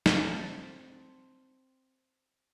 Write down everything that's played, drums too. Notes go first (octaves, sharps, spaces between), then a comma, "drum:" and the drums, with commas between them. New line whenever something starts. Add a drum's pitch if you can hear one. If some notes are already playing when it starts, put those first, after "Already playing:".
C4 A5, drum: snare